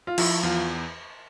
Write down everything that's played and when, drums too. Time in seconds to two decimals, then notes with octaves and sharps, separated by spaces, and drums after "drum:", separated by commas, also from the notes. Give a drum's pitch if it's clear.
0.07 F4
0.18 F3 E4, drum: cymbal
0.43 E2 F4